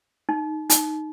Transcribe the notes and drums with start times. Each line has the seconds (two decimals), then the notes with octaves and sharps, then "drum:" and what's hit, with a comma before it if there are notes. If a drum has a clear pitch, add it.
0.29 D#4
0.70 D#4, drum: hi-hat